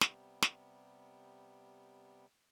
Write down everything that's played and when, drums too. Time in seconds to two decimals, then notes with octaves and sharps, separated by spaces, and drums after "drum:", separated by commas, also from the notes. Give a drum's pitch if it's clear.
0.01 C3 G3 B3, drum: snare
0.42 drum: snare